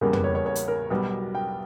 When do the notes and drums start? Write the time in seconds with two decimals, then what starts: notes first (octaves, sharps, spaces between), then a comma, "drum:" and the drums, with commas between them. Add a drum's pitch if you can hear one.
0.01 E2 C#3 G3 A#3 A#4
0.13 B4, drum: tom
0.24 C#5
0.35 C#5
0.46 C#5
0.55 drum: hi-hat
0.68 A#4
0.90 B1 B2 G3 B3
1.35 G5